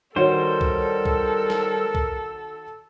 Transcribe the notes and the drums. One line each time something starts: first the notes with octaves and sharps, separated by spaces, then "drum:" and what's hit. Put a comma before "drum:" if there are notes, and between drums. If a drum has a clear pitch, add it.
D#3 G3 F#4 A4 A#4 C5 C#5
drum: kick B1
drum: kick B1
drum: snare
drum: kick B1